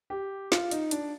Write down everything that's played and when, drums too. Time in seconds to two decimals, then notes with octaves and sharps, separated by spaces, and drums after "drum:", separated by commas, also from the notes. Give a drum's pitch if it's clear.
0.10 G4
0.52 F4, drum: snare
0.71 D#4, drum: hi-hat
0.91 D4, drum: hi-hat